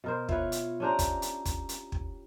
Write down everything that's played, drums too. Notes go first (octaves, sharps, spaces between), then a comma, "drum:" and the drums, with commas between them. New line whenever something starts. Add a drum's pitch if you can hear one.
B2 A#4 C5
E4 F4 B4 C#5, drum: kick
drum: hi-hat
C#4 D4 E4 G4 C5 A#5
drum: kick, hi-hat
drum: hi-hat
drum: kick, hi-hat
drum: hi-hat
drum: kick